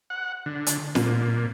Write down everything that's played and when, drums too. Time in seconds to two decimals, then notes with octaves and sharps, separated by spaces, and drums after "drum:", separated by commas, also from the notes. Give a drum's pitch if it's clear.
0.10 F#5
0.46 D3
0.67 drum: hi-hat
0.95 A#2, drum: snare